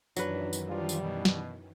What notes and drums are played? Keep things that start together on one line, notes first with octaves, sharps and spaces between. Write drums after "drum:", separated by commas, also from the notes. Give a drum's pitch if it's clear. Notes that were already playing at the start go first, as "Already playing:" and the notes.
F#2 D#3 E3 F#3 D4 B4, drum: tambourine
drum: tambourine
F3 G3 D4 F4
drum: tambourine
B2
drum: snare